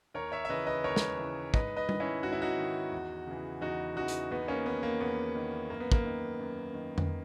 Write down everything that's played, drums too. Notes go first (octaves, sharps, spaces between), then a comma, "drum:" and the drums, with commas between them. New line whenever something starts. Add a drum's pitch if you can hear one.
D#2 A#4 C#5
C#5 E5
E5
C#3 E3 B4 D#5
B4 D#5
D#2 A#4 C#5
drum: snare
C#3 E3
G#2 B4 D#5, drum: kick
B4 D#5
D#3, drum: tom G3
C#4 E4
G#2 F#4
E4
D#4 F#4
D#3
E2
C#3 E3
E2 D#4 F#4
C#3 E3 D#4 F#4
drum: hi-hat
E2 B3 D#4
A#3 C#4
D#3 B3
A#3
E2 B3
D#3
F#2 A#3
B3
A#3, drum: kick
D#3
F#2
D#3
drum: tom F2